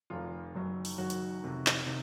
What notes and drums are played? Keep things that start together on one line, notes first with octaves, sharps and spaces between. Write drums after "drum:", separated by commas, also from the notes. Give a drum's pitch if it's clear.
F1 F2 D#3 F4
F#1 F#2 D#3 F#3
drum: open hi-hat
F#1 F#2 D#3 F#3 F#4
drum: hi-hat
F2 C3 D#3
drum: clap
C3 D#3